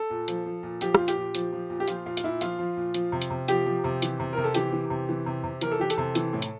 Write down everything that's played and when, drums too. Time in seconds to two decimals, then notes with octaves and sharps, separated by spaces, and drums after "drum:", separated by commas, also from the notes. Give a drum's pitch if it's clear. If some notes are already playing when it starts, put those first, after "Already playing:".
Already playing: A4
0.10 A#2
0.28 F3, drum: hi-hat
0.46 F3
0.63 A#2
0.81 F3 G4, drum: hi-hat
0.95 A#2 F4, drum: rim click
1.08 G4, drum: hi-hat
1.17 A#2
1.35 F3, drum: hi-hat
1.53 F3
1.70 A#2
1.80 G4
1.88 F3 F4, drum: hi-hat
2.06 A#2 F4
2.17 F4, drum: hi-hat
2.23 A#2 E4
2.41 F3 F4, drum: hi-hat
2.59 F3
2.77 A#2
2.94 F3, drum: hi-hat
3.12 C3
3.22 drum: hi-hat
3.31 C3
3.48 F3 G4, drum: hi-hat
3.66 F3
3.84 C3
4.02 E3, drum: hi-hat
4.20 C3
4.33 C3 A#4
4.44 A4
4.55 E3 G4, drum: hi-hat
4.72 E3
4.90 C3
5.09 E3
5.26 C3
5.44 C3
5.61 E3 A#4, drum: hi-hat
5.72 A4
5.80 E3 G4
5.90 A4, drum: hi-hat
5.98 C3
6.15 E3, drum: hi-hat
6.33 A2
6.42 drum: hi-hat